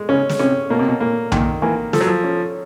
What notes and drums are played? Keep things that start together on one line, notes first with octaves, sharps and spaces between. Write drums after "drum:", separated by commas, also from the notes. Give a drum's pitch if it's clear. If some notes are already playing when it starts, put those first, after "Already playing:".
Already playing: G#3
C#3 C#4
drum: snare
C3 C#4
B2 A#3
C3
B2
A#2 A#3
A#2 D#3, drum: tom B1
E3 A#3
F3 A4, drum: snare
F#3
F3
C#4